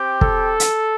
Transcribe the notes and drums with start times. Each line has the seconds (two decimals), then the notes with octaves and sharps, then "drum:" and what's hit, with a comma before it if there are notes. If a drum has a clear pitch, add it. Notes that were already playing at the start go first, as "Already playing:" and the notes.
Already playing: C4 G4
0.21 A4, drum: kick
0.60 drum: hi-hat